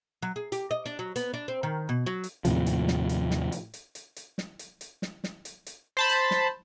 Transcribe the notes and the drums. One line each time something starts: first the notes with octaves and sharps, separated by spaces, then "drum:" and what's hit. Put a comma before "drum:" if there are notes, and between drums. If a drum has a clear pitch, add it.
F#3
G#4
G4, drum: hi-hat
D#5
D4
F#3
B3, drum: hi-hat
D4
C4
D#3
B2
F#3
drum: hi-hat
D#2 A2 C3 F3, drum: hi-hat
drum: hi-hat
drum: snare
drum: hi-hat
drum: snare
drum: hi-hat
drum: hi-hat
drum: hi-hat
drum: hi-hat
drum: snare
drum: hi-hat
drum: hi-hat
drum: snare
drum: snare
drum: hi-hat
drum: hi-hat
C5 A5 B5
drum: hi-hat
drum: snare